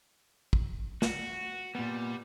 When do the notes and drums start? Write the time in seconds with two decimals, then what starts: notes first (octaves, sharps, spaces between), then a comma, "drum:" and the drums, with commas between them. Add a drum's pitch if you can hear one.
0.53 drum: kick
1.02 F#4, drum: snare
1.75 A#2 G3 B3